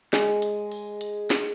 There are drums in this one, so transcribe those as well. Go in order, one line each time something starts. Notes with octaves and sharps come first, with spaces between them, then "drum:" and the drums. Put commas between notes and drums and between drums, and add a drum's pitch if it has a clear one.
G#3, drum: snare
drum: hi-hat
drum: open hi-hat
drum: hi-hat
drum: snare